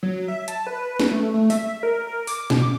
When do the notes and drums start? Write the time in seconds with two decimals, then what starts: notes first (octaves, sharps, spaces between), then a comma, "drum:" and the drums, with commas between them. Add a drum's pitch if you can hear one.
0.03 F#3
0.28 E5
0.48 A5, drum: hi-hat
0.67 B4
1.00 drum: snare
1.11 A3
1.34 A3
1.50 E5, drum: open hi-hat
1.83 A#4
2.07 A#4
2.27 D6, drum: open hi-hat
2.50 B2, drum: snare
2.62 D6